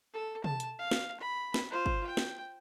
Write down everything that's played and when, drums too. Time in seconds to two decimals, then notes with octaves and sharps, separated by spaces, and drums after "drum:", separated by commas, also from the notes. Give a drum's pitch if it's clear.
0.13 A4
0.44 A5, drum: tom
0.60 drum: hi-hat
0.79 F5
0.91 drum: snare
1.20 B5
1.54 drum: snare
1.71 F4 C5
1.86 drum: kick
2.07 G5
2.17 drum: snare